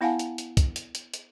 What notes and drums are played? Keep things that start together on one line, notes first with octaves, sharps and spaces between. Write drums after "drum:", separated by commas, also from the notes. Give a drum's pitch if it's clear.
B3 E4 F5 F#5 G#5 A5
drum: hi-hat
drum: hi-hat
drum: kick, hi-hat
drum: hi-hat
drum: hi-hat
drum: hi-hat